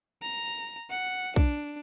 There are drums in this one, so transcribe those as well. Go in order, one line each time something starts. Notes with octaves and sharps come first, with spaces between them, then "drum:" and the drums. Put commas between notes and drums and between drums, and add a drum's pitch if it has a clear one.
A#5
F#5
D4, drum: kick B1